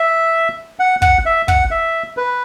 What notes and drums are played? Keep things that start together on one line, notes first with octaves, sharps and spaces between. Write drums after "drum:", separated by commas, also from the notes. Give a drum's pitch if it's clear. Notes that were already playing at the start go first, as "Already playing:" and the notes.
Already playing: E5
F#5
F#5, drum: kick
E5
F#5, drum: kick
E5
B4